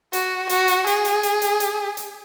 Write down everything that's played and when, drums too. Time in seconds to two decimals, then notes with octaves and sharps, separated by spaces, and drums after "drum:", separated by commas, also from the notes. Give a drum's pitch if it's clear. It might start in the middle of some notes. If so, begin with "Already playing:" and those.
0.13 F#4, drum: hi-hat
0.49 F#4, drum: hi-hat
0.68 drum: hi-hat
0.87 G#4, drum: hi-hat
1.05 drum: hi-hat
1.23 drum: hi-hat
1.42 drum: hi-hat
1.60 drum: hi-hat
1.97 drum: hi-hat